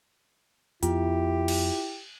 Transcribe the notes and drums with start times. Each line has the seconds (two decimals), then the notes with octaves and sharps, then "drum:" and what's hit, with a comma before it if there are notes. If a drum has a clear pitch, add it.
0.83 F2 B3 E4 F4 G4, drum: hi-hat
1.48 drum: cymbal